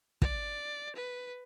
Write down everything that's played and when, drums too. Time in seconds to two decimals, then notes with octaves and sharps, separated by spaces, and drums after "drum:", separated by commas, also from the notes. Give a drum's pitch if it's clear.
0.22 D5, drum: kick
0.96 B4